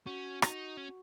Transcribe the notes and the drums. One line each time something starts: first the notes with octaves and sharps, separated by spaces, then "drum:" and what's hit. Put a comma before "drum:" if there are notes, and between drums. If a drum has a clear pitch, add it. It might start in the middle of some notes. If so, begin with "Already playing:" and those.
C#4 F#4
D#4, drum: rim click
C#4